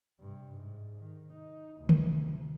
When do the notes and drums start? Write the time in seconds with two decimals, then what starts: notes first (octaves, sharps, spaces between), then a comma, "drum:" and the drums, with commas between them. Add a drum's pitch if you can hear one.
0.20 G2 C3
0.57 G#2
0.98 D#3
1.33 D#4
1.78 D2 C3
1.89 drum: tom D3